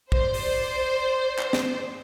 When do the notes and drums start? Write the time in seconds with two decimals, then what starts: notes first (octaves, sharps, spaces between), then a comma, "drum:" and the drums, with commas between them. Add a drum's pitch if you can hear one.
0.12 C5 D5, drum: kick
0.34 drum: open hi-hat
1.39 drum: clap
1.53 drum: snare